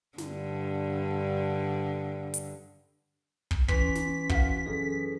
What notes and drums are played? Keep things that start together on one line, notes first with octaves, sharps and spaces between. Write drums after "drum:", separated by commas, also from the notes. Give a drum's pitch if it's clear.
G2 D3, drum: snare
drum: hi-hat
drum: kick
E3 C#4 C6 B6, drum: kick
drum: snare
F#4 F5, drum: kick
F#2 G#4 A4